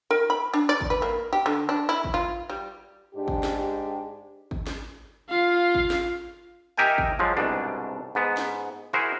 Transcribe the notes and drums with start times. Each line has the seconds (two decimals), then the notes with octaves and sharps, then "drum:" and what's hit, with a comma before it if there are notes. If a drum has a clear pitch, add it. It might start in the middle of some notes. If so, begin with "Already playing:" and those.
0.11 A#4
0.30 B5
0.54 D4
0.69 D5
0.81 drum: kick
0.90 B4
1.02 A#3
1.33 G4
1.46 D3
1.69 D4
1.89 E4
2.04 drum: kick
2.14 F4
2.50 G3
3.14 G#2 D4 G4
3.28 drum: kick
3.43 drum: snare
4.51 drum: kick
4.67 drum: snare
5.29 F4 F5
5.75 drum: kick
5.90 drum: snare
6.77 D#4 G4 A#4 E5 G5 G#5
6.98 drum: kick
7.19 F3 F#3 G#3
7.37 C2 G#2 B2 D4
8.15 G#2 B3
8.37 drum: snare
8.93 E4 F#4 G#4 A#4 C5